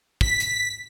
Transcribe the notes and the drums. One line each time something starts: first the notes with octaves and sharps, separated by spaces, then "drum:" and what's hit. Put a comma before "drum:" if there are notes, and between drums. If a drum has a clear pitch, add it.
B6, drum: kick
drum: hi-hat